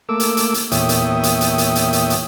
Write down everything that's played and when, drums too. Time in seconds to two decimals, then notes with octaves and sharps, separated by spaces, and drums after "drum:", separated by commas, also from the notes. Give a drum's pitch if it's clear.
0.09 A3 A#3 D6 E6
0.20 drum: hi-hat
0.37 drum: hi-hat
0.54 drum: hi-hat
0.72 E2 A#2 C#5 E5 G5 D#6, drum: hi-hat
0.89 drum: hi-hat
1.23 drum: hi-hat
1.41 drum: hi-hat
1.58 drum: hi-hat
1.75 drum: hi-hat
1.93 drum: hi-hat
2.10 drum: hi-hat